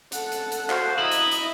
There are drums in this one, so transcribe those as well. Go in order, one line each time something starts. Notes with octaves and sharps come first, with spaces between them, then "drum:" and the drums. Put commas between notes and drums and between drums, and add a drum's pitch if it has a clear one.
A4 F#5, drum: hi-hat
drum: hi-hat
drum: hi-hat
F#4 C5 F5, drum: clap
E4 D#5 A#5 B5 D#6
drum: hi-hat
drum: hi-hat